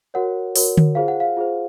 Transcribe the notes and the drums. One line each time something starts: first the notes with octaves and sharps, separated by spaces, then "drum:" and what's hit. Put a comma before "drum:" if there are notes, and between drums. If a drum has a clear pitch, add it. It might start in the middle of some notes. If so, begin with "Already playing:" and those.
F#4 A#4 C#5 F#5
F#4 A#4 C#5, drum: open hi-hat
drum: tom D3
F4 G#4 C5 F5
F#5
F5
F4 G#4 C5